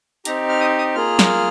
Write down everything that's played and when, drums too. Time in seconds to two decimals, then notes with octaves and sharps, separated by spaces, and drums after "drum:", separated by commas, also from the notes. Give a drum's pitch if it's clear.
0.25 C4 D#4 G4 A#5, drum: hi-hat
0.49 F6
0.61 D#6
0.79 D#6
0.95 A#3 F4 G#4 F6
1.19 drum: snare